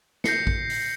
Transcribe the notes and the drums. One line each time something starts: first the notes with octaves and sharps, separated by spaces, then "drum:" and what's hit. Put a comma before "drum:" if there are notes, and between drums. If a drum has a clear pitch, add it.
G6 A#6 C7 C#7, drum: snare
drum: kick A1
drum: open hi-hat